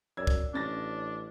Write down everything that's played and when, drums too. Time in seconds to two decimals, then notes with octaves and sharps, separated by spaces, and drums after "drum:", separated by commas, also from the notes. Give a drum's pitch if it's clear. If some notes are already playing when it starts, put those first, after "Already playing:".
0.17 F#2 D5 E6 G#6
0.27 drum: kick
0.54 A1 C#4 D4 A6 A#6